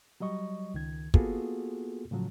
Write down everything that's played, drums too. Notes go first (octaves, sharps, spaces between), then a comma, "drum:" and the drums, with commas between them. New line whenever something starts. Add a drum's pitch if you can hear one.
F#3 G3 D#5 C#6
C#2 D#3 G#6
A#3 B3 F4 F#4 G#4 A4, drum: kick
A2 C#3 F3 F#3